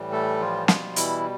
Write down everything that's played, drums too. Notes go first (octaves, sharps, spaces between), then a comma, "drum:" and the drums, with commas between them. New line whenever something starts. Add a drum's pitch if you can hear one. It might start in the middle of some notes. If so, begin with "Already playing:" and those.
Already playing: A2 E3 G3
A3 A4
F3 F4
B2 F3 G3 F4, drum: snare
E3 E4, drum: hi-hat